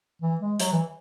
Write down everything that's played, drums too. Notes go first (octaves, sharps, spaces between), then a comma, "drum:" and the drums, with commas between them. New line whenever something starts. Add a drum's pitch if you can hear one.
E3
G#3
F#3, drum: hi-hat
E3